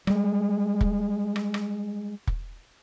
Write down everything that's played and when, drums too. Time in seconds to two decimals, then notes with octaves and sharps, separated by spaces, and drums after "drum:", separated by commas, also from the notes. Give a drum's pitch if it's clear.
0.07 G3 G#3, drum: rim click
0.81 drum: kick
1.36 drum: rim click
1.54 drum: rim click
2.27 drum: kick